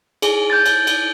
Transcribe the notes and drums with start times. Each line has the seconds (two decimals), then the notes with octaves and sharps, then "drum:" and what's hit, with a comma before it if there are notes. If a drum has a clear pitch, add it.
0.22 G#4, drum: cymbal
0.50 G6 A6
0.66 drum: cymbal
0.87 drum: cymbal